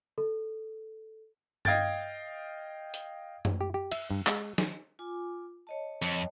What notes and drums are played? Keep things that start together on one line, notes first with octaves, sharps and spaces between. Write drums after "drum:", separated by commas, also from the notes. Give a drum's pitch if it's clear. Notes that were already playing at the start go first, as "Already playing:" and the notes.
A4
D#5 F5 G5 G#6 A6, drum: tom G2
drum: hi-hat
drum: tom F#2
G4
G4
E5, drum: cymbal
G2
G#3, drum: clap
drum: snare
F4 G#5 D6
C#5 D#5 A5
F2